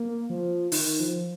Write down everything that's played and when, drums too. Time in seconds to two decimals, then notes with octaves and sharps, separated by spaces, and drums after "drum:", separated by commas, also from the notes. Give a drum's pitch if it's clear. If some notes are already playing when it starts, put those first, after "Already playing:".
Already playing: A#3
0.30 F3
0.72 D#3, drum: open hi-hat
1.00 F3